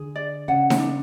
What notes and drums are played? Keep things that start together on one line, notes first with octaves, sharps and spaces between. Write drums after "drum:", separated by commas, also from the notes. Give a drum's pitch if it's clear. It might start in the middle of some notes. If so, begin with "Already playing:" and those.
Already playing: D3 G#4
D5
C#3 F#5
drum: snare D#4
D4